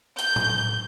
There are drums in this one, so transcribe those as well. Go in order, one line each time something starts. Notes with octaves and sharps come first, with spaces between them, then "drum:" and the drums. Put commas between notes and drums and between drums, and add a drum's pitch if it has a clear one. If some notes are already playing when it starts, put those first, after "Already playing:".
G6, drum: hi-hat
drum: tom A2